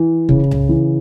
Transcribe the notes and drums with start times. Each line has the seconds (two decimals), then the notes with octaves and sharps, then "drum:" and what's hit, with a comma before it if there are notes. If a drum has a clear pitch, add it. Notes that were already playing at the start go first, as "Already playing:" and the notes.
Already playing: E3
0.29 C#3, drum: kick
0.51 drum: tom C2
0.69 E3